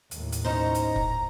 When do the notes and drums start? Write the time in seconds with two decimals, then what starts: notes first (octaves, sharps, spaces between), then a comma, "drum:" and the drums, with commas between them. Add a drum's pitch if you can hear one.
0.11 D#2 A2, drum: hi-hat
0.32 drum: hi-hat
0.45 C#4 D#4 C5 A#5
0.75 drum: hi-hat
0.96 drum: kick